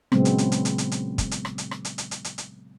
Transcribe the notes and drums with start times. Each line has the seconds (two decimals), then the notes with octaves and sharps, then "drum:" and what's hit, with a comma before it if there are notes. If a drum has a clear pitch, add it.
0.12 A#2 C#3 F#3 G#3 B3 C4, drum: rim click
0.25 drum: hi-hat
0.38 drum: hi-hat
0.52 drum: hi-hat
0.65 drum: hi-hat
0.78 drum: hi-hat
0.92 drum: hi-hat
1.18 drum: kick, hi-hat
1.31 drum: hi-hat
1.45 drum: rim click
1.58 drum: hi-hat
1.71 drum: rim click
1.85 drum: hi-hat
1.98 drum: hi-hat
2.11 drum: hi-hat
2.25 drum: hi-hat
2.38 drum: hi-hat